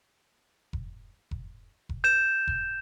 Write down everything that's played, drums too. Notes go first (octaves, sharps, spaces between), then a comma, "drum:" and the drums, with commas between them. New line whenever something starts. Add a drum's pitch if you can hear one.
drum: kick F1
drum: kick F1
drum: kick F1
G6 E7
drum: kick F1